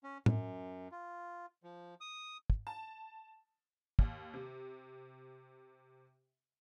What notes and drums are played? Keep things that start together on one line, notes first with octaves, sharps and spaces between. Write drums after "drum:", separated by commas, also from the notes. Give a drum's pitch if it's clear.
C#4
F#2, drum: tom A2
F4
F3
D#6
drum: kick
A5
D#2, drum: kick
C3